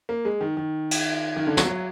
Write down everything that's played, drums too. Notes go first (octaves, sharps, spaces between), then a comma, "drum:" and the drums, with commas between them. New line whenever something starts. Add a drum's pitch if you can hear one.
A#3
G#3
D#3
D#3
drum: cymbal
D#3
D3
F#3, drum: snare
F#3